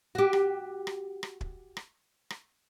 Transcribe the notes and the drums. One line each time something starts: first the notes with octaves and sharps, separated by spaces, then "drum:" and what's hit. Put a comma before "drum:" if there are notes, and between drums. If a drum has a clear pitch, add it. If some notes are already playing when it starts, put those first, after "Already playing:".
F#4 G4
drum: rim click
drum: rim click
drum: rim click
drum: kick
drum: rim click
drum: rim click